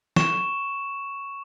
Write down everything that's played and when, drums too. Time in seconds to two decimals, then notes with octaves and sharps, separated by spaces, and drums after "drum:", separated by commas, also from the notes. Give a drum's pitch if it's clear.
0.16 C#6 E7, drum: snare